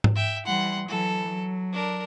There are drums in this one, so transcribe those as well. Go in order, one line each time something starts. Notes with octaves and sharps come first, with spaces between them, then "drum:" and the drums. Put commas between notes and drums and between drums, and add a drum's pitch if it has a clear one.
drum: tom G#2
E5 G5
E3 G3 F#5 C6
E3 F#3 A4
F#3
D4 A#4